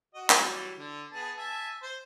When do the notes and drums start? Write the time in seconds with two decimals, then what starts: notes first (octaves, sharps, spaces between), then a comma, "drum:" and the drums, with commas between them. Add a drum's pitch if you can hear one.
0.14 F#4 D#5
0.30 E3 F#3 G3, drum: clap
0.77 D3
1.11 B3 G#4 A5
1.36 E5 G#5 A5
1.82 C5